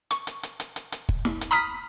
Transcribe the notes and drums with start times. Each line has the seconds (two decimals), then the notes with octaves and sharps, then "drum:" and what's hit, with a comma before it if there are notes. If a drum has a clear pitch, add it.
0.11 C#6, drum: hi-hat
0.27 drum: hi-hat
0.43 drum: hi-hat
0.60 drum: hi-hat
0.76 drum: hi-hat
0.92 drum: hi-hat
1.09 drum: kick
1.25 drum: snare
1.41 drum: hi-hat
1.51 A#5 B5 D#6 F6 B6